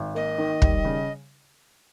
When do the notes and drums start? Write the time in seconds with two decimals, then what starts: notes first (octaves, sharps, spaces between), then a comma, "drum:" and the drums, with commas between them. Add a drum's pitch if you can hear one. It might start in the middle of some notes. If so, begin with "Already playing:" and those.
Already playing: G#1
0.15 A#3 D#5
0.38 D#3
0.62 G3, drum: kick
0.85 C#3